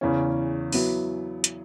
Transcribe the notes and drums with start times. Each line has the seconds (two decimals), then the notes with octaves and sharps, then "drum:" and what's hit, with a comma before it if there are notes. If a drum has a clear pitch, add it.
0.01 E2 C#3 E3 C#4
0.72 F#3 B3 E4, drum: open hi-hat
1.44 drum: hi-hat